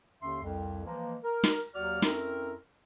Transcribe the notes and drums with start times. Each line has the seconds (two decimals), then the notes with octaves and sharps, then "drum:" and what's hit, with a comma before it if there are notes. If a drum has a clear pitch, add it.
0.21 D#2 D3 C#4 E5 C6
0.43 C2 F2
0.85 E3 F3 G#3 A#3
1.23 A#4
1.44 drum: snare
1.73 D#2 F#3 A#3 F#4 D5 F6
2.02 F2 C4 C#4 E4 A#4, drum: snare